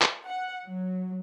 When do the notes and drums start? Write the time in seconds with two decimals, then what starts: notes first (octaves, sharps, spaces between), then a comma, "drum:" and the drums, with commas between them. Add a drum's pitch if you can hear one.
0.01 drum: clap
0.25 F#5
0.67 F#3